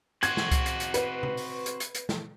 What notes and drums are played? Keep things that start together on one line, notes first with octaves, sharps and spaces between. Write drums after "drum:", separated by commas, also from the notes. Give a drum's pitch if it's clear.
C4 F#4 G#6, drum: hi-hat
drum: snare
drum: kick C2, hi-hat
drum: hi-hat
drum: hi-hat
B4, drum: hi-hat
drum: tom C3
drum: open hi-hat
drum: hi-hat
drum: hi-hat
drum: hi-hat
drum: snare